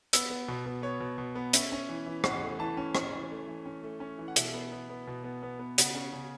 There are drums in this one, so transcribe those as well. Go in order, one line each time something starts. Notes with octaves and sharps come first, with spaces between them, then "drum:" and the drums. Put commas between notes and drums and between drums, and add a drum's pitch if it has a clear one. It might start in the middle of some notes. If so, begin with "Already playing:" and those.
B3 E6, drum: hi-hat
B3
B2
B2
B3 C#5
B2
B2
B3
C#4 E5, drum: hi-hat
C#4
E3
E3
E3 F#5, drum: rim click
A3
E3 A5
C#4
C#4, drum: rim click
E3
A3
E3
C#4
A3
C#4
E3
F#5
B2 E5, drum: hi-hat
B3
B3
B3
B2
B3
B3
B3
C#3 F#5, drum: hi-hat
C#4
C#3